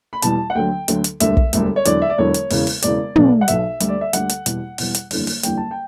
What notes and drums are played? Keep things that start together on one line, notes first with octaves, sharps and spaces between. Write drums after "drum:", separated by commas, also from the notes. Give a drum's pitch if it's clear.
B5
E2 B2 G3 A5, drum: hi-hat
F#5
D2 D3 F#3 G5
D2 D3 F#3, drum: hi-hat
drum: hi-hat
E1 D2 D3 G3 E5, drum: hi-hat
drum: kick
E1 D2 D3 G3, drum: hi-hat
C#5
E1 E2 D3 F#3 D5, drum: hi-hat
E5
D5
E1 E2 D3 F#3 C#5
drum: hi-hat
E1 E2 C#3, drum: open hi-hat
drum: open hi-hat
E1 E2 C#3 D5, drum: hi-hat
B1 B2 F#3, drum: tom
F#5
B1 B2 F#3 E5, drum: hi-hat
D2 D3 G3, drum: hi-hat
D5
E5
D2 D3 G3 F#5, drum: hi-hat
drum: hi-hat
E2 B2 G3, drum: hi-hat
E2 B2 G3, drum: open hi-hat
drum: hi-hat
F#1 E2 D3 G3, drum: open hi-hat
drum: open hi-hat
F#1 E2 D3 G3 G5, drum: hi-hat
A5
G5